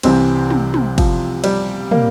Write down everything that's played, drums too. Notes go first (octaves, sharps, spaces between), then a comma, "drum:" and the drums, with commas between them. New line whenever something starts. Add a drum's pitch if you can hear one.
C2 C3 E3 C4, drum: cymbal
drum: tom
drum: tom
F3, drum: kick, cymbal
G3, drum: cymbal
A#3, drum: tom